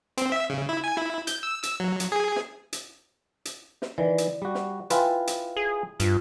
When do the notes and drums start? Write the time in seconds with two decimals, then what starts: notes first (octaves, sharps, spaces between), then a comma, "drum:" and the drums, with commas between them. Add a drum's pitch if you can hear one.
0.17 C4, drum: hi-hat
0.32 E5
0.50 C#3
0.69 E4
0.84 G#5
0.97 E4
1.27 G6, drum: hi-hat
1.43 E6
1.63 E6, drum: hi-hat
1.80 F#3
2.00 drum: hi-hat
2.12 G#4
2.36 drum: snare
2.73 drum: hi-hat
3.45 drum: hi-hat
3.82 drum: snare
3.98 D#3 E3 D5
4.18 drum: hi-hat
4.42 G3 F#4
4.55 drum: snare
4.90 E4 F4 B4 G5 G#5 C6, drum: hi-hat
5.27 drum: hi-hat
5.57 G#4
6.00 G2 F4, drum: hi-hat